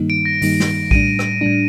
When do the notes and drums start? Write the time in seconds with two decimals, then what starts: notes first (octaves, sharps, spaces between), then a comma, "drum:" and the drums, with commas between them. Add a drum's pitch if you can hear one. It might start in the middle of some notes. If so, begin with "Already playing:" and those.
Already playing: G2 D#3 G3 A#3 D#4
0.10 D7
0.25 A#6
0.42 G2 D#3 G3 A#3 D#4, drum: open hi-hat
0.60 drum: snare
0.91 A2 G3 D4 D#7, drum: kick A#1
1.19 drum: rim click
1.41 A2 G3 D4